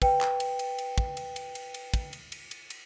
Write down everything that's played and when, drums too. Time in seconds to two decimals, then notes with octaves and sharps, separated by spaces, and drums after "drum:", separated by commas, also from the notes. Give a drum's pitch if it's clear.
0.02 B4 G5, drum: kick, cymbal
0.21 drum: clap
0.40 drum: cymbal
0.59 drum: cymbal
0.78 drum: cymbal
0.98 drum: kick
1.17 drum: cymbal
1.36 drum: cymbal
1.55 drum: cymbal
1.74 drum: cymbal
1.94 drum: kick, cymbal
2.13 drum: cymbal
2.32 drum: cymbal
2.51 drum: cymbal
2.70 drum: cymbal